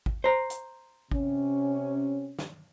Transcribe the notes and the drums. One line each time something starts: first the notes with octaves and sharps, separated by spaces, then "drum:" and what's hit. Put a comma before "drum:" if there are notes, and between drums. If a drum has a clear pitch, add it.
drum: kick
C5 A#5
drum: hi-hat
C3 C#4, drum: kick
drum: snare